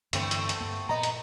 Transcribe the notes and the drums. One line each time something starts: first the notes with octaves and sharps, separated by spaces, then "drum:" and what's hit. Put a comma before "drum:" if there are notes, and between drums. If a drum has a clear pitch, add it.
G2 D3 E3 A3 B3 C4, drum: hi-hat
drum: hi-hat
drum: hi-hat
D2 G2 A#3
A#2 B3 D#5 A#5
drum: hi-hat